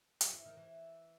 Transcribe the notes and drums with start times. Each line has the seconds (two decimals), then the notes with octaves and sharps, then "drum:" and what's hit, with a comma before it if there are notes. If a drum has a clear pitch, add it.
0.21 F#3, drum: hi-hat
0.33 E3
0.46 D#3
0.57 E3